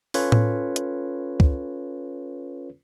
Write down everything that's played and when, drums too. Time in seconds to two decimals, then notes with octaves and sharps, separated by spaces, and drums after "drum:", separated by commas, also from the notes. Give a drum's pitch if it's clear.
0.14 C#4 F4 A4 B4 C#5, drum: open hi-hat
0.32 drum: tom A2
0.76 drum: hi-hat
1.40 drum: kick C#2